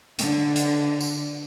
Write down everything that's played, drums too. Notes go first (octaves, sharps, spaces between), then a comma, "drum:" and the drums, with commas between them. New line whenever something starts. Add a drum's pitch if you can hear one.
D3, drum: hi-hat
drum: hi-hat
drum: tambourine